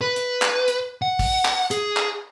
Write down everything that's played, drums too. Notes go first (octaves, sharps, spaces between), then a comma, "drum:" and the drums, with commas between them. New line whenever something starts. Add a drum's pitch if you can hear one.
B4
drum: hi-hat
drum: clap
drum: hi-hat
F#5
drum: kick, open hi-hat
drum: clap
G#4, drum: hi-hat
drum: clap